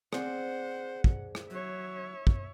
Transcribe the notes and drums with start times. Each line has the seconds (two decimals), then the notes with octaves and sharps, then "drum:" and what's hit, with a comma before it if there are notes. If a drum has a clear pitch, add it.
0.13 C4 G#4 C5 D5 F#5, drum: rim click
1.04 drum: kick
1.35 drum: rim click
1.50 F#3 C#5 E5
2.27 drum: kick